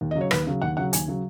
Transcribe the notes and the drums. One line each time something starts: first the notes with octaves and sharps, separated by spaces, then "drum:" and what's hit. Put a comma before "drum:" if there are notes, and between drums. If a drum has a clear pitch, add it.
D#2
D#5
C#3 F#3
C#5
D#2 B4, drum: rim click
C#3 F#3
D#2 F#5
C#3 F#3 F#5
D#2 G#5, drum: hi-hat
C#3 F#3